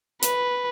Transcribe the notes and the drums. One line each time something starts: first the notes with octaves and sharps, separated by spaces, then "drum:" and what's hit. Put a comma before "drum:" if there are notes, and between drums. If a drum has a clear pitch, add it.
B4, drum: hi-hat